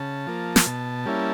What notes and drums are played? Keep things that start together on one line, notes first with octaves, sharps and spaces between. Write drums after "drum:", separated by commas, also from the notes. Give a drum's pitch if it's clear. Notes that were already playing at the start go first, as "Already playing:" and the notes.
Already playing: C#3 A5
F3 A#3
drum: snare
B2
G3 A#3 C#4 E4